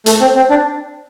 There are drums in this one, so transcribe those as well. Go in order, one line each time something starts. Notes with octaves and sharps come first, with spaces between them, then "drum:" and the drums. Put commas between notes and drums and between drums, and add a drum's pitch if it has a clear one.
A3, drum: hi-hat
C4
C4
D4